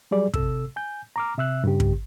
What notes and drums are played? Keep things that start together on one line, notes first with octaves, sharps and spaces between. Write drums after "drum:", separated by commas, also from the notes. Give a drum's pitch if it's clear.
F#3 G3 G#4 D5
C3 A4 E6, drum: kick
G#5 G6
A#5 D6 F6
C3 E5 E6 F#6
G2 C#3 G4
drum: kick